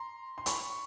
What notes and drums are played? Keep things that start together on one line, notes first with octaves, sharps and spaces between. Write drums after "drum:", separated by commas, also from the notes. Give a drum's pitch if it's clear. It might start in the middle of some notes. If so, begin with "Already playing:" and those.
Already playing: A#5 C6
C6
B5 C#6, drum: hi-hat